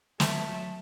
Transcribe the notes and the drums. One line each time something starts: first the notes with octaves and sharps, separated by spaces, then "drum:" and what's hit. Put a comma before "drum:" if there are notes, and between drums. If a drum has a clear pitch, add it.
F#3 A3, drum: snare